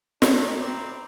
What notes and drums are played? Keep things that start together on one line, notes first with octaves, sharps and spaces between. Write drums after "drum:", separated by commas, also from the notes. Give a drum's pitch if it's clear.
C4 D4 A#5, drum: snare
C4 E4 B4 D5